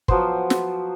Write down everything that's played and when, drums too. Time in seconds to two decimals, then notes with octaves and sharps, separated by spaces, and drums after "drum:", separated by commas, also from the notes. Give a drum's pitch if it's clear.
0.08 F3 F#3 B3 C5, drum: kick
0.50 drum: snare